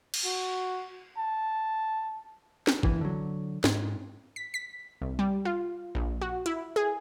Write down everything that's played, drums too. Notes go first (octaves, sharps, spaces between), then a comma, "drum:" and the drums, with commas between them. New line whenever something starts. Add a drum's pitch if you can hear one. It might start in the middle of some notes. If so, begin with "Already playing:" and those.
drum: cymbal
F#4
A5
drum: snare
F#1 E3, drum: kick G#1
D3 F#3
G#2, drum: snare
B6
B6
C2
G3
F4
A#1
F#4
E4, drum: hi-hat
G#4